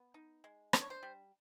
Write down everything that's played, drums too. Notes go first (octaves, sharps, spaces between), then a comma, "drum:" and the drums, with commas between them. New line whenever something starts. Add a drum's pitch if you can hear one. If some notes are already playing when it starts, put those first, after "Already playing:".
Already playing: B3
D#4
G#3
D4 C5, drum: rim click
C#5
C5
G3